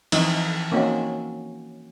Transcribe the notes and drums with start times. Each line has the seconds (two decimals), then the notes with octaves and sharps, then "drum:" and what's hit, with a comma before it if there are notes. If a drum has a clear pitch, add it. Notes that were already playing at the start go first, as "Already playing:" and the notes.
0.12 E3 F3 C4 D#4, drum: cymbal
0.72 A#3 C4 C#4 D#4 F#4